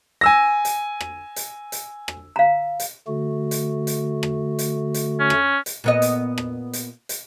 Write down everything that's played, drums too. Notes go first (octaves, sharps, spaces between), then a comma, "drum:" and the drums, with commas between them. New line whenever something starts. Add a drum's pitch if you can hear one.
G#5 E6 A#6
drum: hi-hat
drum: rim click
drum: hi-hat
drum: hi-hat
drum: rim click
F5 A#5
drum: hi-hat
D3 A3 F#4
drum: hi-hat
drum: hi-hat
drum: rim click
drum: hi-hat
drum: hi-hat
C#4
drum: rim click
drum: hi-hat
A#2 B3 D#5
drum: hi-hat
drum: rim click
drum: hi-hat
drum: hi-hat